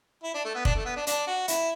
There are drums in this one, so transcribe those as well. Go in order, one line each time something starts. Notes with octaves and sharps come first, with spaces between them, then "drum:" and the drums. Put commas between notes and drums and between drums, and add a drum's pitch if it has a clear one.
E4
D4
A3
B3
D4, drum: kick F1
A3
B3
D4
D4, drum: hi-hat
F#4
E4, drum: hi-hat